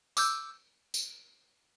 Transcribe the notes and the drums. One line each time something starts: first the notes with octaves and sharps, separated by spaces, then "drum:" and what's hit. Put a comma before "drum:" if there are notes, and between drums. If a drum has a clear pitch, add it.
D6 E6 G6, drum: tambourine
drum: tambourine